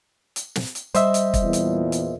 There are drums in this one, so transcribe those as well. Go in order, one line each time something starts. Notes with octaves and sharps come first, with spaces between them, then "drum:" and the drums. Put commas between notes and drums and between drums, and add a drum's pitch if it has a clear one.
drum: hi-hat
drum: snare
drum: hi-hat
G3 C5 D#5 E5, drum: hi-hat
drum: hi-hat
drum: kick, hi-hat
E2 A#2
drum: hi-hat
drum: hi-hat